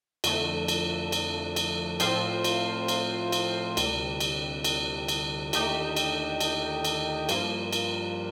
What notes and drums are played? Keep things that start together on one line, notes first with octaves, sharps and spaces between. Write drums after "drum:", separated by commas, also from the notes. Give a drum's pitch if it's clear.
F2 D3 A3, drum: cymbal
drum: cymbal
drum: cymbal
drum: cymbal
A2 F3 C4 F4 C5, drum: cymbal
drum: cymbal
drum: cymbal
drum: cymbal
D2 C3 G3, drum: cymbal
drum: cymbal
drum: cymbal
drum: cymbal
D#2 D3 A3 D#4 G4, drum: cymbal
drum: cymbal
drum: cymbal
drum: cymbal
G2 F3 A#3, drum: cymbal
drum: cymbal